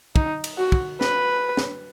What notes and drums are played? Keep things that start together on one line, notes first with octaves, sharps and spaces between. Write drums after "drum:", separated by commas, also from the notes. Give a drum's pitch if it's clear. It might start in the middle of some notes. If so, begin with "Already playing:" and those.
D#4, drum: kick
drum: cymbal
F#4
drum: kick
B4, drum: snare
drum: snare